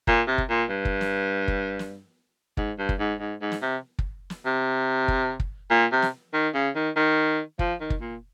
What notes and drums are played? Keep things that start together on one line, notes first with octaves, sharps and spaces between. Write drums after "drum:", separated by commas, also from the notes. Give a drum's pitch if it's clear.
A#2, drum: kick
C3
drum: kick
A#2
G2
drum: kick
drum: snare
drum: kick
drum: snare
G#2, drum: kick
G2
drum: kick
G#2
G#2
G#2
drum: snare
C3
drum: kick
drum: snare
C3
drum: kick
drum: kick
A#2
C3
drum: snare
D#3
C#3
D#3
D#3
F3, drum: kick
D#3
drum: kick
A#2